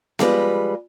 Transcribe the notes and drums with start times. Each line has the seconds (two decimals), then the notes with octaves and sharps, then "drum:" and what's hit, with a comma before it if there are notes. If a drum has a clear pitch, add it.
0.19 F3 G3 G#3 B4, drum: snare B3